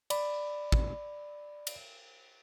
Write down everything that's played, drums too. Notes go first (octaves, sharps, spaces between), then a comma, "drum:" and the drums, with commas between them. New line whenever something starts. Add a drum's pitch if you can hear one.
D5 B5, drum: cymbal
drum: kick
drum: cymbal